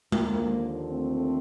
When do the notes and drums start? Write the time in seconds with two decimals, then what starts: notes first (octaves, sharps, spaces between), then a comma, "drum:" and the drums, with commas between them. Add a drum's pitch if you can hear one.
0.12 D#2 D3 F3 A#3, drum: tom G#3
0.90 A3 C4